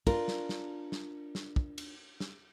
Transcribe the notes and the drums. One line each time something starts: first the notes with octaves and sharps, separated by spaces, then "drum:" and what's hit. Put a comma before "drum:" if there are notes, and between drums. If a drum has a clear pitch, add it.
D4 F4 A#4, drum: kick, cymbal
drum: snare
drum: snare
drum: snare
drum: snare
drum: kick
drum: cymbal
drum: snare